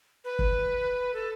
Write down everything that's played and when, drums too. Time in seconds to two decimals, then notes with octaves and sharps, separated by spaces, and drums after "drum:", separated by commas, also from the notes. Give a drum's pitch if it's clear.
0.24 B4
0.39 drum: kick
1.14 A4